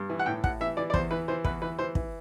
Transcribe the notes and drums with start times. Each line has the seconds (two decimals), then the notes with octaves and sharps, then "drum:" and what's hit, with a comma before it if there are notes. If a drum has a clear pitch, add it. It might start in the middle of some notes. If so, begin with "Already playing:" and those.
Already playing: G2
0.09 E3
0.19 F#5
0.26 A2 G5
0.44 A2 F#5, drum: kick
0.60 E3 E5
0.77 E3 D5
0.90 D5
0.94 E2 C5, drum: kick
1.10 E3 B4
1.28 E3 C5
1.44 E2 B4, drum: kick
1.62 E3 B4
1.79 E3 C5
1.95 E3, drum: kick